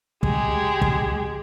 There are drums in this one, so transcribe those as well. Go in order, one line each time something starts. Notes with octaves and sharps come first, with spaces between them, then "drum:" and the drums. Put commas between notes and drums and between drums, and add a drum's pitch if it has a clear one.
G#3 G4, drum: kick
drum: kick